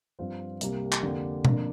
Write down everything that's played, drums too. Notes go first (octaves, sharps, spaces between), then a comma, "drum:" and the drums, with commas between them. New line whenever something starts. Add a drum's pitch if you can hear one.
G2 F3 C4 F4
C2 C3 G3 A#3, drum: hi-hat
drum: clap
F2 D3 A#3 G4
F1 F2 D3 A#3 D4, drum: tom B2